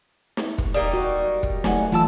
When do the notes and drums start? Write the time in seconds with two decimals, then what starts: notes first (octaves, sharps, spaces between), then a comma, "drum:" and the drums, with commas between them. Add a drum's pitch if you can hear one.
0.37 drum: snare
0.58 drum: kick
0.74 G3 A#3 D#4 D#5
0.94 F#4
1.43 drum: kick
1.64 F#3 A3 F#5 G#5, drum: snare
1.92 E3 A3 E4 F4 A5 E6